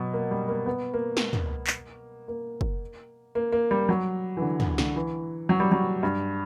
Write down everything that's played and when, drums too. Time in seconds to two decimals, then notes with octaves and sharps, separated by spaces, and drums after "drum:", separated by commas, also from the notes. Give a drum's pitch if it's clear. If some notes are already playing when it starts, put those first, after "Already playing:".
Already playing: B2 F#3
0.14 A#3
0.31 G3
0.48 A#3
0.66 B3
0.94 A#3
1.17 drum: snare
1.33 drum: tom
1.67 drum: clap
2.28 A#3
2.61 drum: kick
3.35 A#3
3.52 A#3
3.71 G3
3.89 F#3
4.37 E3
4.42 D3
4.60 E3, drum: tom
4.78 D3, drum: snare
4.96 E3
5.49 F#3
5.60 G3
5.72 F#3
6.03 G2